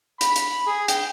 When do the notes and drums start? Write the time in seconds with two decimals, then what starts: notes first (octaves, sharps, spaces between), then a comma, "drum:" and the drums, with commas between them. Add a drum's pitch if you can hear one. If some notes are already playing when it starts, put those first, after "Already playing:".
0.21 B5, drum: hi-hat
0.36 drum: hi-hat
0.67 G#4
0.88 G5, drum: hi-hat